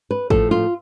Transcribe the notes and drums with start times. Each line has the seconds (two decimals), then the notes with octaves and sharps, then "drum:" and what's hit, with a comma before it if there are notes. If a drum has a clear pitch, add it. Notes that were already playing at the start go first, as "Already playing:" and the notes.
0.11 B4
0.30 A2 F3 A3 A4, drum: kick G#1
0.51 F4